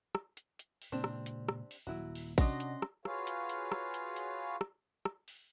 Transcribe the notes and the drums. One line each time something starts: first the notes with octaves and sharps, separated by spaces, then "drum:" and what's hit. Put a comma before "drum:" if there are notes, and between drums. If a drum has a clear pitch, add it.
drum: rim click
drum: hi-hat
drum: hi-hat
drum: open hi-hat
A#2 C#3 G#3 C4 D4 G4
drum: rim click
drum: hi-hat
drum: rim click
drum: open hi-hat
D#1 F#3 E4 F#4
drum: open hi-hat
C3 C#4 D4 F#4 D#5 F#5 C6 A#6, drum: kick A1, open hi-hat
drum: hi-hat
drum: rim click
F4 F#4 G#4 B4 C#5 F5, drum: rim click
drum: hi-hat
drum: hi-hat
drum: rim click
drum: hi-hat
drum: hi-hat
drum: rim click
drum: rim click
drum: open hi-hat